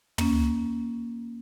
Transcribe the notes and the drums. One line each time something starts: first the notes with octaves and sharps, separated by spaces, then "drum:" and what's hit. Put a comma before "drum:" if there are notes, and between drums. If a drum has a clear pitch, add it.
A#3 C#4, drum: tom